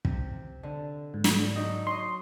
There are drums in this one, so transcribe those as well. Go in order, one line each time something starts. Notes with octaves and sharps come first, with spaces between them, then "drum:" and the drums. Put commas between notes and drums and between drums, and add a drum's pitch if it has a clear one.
C3, drum: kick
D3
G#2
drum: snare
F#3 D4 D#4
C#5 D#5 C6